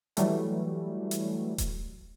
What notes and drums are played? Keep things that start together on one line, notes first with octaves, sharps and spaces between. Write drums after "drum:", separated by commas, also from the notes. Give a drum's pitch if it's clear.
E3 F#3 G3 A3, drum: hi-hat
drum: hi-hat
drum: kick D#1, hi-hat